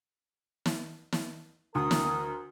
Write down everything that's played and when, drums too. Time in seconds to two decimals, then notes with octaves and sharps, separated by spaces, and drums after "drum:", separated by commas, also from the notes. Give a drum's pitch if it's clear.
0.66 drum: snare
1.12 drum: snare
1.75 D2 A#4 D#6
1.91 drum: snare